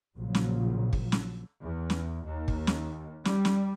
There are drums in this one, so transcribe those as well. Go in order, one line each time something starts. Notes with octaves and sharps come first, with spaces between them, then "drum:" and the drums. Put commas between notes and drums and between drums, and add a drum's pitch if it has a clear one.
A#1 A#2 C#3 F3 F#3
drum: snare
drum: kick
drum: snare
E2
drum: snare
D#2
drum: kick
drum: snare
G3, drum: snare
drum: snare